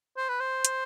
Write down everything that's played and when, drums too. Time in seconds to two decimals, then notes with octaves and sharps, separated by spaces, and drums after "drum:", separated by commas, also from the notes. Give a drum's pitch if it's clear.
0.17 C5
0.29 B4
0.40 C5
0.65 drum: hi-hat